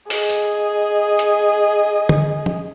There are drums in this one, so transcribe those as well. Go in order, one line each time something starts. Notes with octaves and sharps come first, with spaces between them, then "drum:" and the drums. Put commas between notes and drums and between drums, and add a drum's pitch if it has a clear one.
G#4 D#5, drum: open hi-hat
drum: tambourine
drum: hi-hat
drum: tom
drum: tom F3